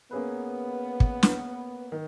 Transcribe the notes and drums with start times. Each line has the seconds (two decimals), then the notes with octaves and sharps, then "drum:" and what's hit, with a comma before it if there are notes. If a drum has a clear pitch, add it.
0.11 A#3 B3 C#4 G#4 B4
1.00 drum: kick
1.23 drum: snare
1.92 D#3